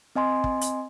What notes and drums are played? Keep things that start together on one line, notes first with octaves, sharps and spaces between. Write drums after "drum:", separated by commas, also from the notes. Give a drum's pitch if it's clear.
C4 D#5 G#5 C6
drum: kick
drum: hi-hat